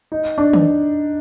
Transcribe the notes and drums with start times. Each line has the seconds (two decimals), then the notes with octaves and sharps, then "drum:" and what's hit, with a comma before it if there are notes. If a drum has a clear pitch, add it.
0.12 D#4
0.38 D4
0.53 drum: tom D#3